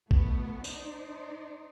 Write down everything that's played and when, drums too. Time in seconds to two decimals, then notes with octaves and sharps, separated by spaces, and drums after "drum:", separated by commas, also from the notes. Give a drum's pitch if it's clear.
0.11 B2 E3 A3 B3, drum: kick A#1
0.64 D4 D#4 C5 D5, drum: tambourine